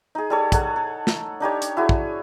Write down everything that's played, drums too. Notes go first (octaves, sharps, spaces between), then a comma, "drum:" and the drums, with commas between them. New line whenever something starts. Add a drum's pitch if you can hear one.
D#4 G#4
G3 A4 C#5
G#4 A4 F#5, drum: kick, hi-hat
A4
drum: snare
D4 D#4 G4 C#5
drum: hi-hat
E4 F#4 G#4
drum: kick